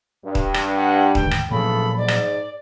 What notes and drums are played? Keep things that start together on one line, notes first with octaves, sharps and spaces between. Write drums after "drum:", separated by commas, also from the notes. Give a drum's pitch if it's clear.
G2
drum: kick D#1
drum: rim click
F#5
D#2 G#2 D3 G5, drum: kick D#1
drum: rim click
A1 A#2 C#3 F3 F#3 A4 B5
G#2 D5
drum: rim click